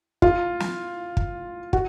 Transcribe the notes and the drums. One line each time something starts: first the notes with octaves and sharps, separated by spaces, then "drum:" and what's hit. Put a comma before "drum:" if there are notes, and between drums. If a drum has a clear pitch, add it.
F4, drum: kick
drum: snare
drum: kick
F#4, drum: kick